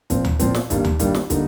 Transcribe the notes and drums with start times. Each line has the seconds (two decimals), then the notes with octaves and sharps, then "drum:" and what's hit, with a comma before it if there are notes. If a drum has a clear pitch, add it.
0.10 A#2 F3 C4, drum: kick, hi-hat
0.25 drum: tom D2
0.39 A#2 F3 C4, drum: kick, hi-hat
0.55 drum: snare
0.70 G2 D#3 G3 A#3, drum: kick, hi-hat
0.85 drum: tom D2
0.99 G2 D#3 G3 A#3, drum: kick, hi-hat
1.15 drum: snare
1.30 D3 G3 A#3 D#4, drum: kick, hi-hat